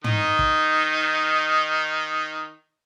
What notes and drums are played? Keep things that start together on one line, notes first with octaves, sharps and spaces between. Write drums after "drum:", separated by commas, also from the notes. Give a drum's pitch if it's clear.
D#3 D#4, drum: tom
drum: kick